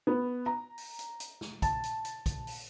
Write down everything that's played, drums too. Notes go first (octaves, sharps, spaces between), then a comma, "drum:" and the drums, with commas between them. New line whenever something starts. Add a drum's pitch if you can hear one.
B3
A#5
drum: open hi-hat
drum: hi-hat
drum: hi-hat
drum: snare
A5, drum: kick, hi-hat
drum: hi-hat
drum: hi-hat
drum: kick, hi-hat
drum: open hi-hat